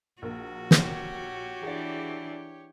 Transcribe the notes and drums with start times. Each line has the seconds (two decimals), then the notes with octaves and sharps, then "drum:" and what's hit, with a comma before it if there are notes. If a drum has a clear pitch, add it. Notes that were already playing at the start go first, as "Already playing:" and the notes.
0.22 A#1 A#3 F#4
0.71 drum: snare
0.82 G4 C#5
1.63 E3 D4 G#4 D5